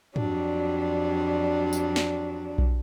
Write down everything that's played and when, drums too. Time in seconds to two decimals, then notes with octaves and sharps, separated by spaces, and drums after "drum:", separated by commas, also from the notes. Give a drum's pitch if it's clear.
0.16 F2 F#3 G3 D4, drum: tom
1.73 drum: tambourine
1.96 drum: snare
2.58 drum: kick B1